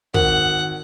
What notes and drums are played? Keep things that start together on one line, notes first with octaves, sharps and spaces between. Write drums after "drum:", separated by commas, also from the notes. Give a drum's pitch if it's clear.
G#1 A#4 F#5, drum: kick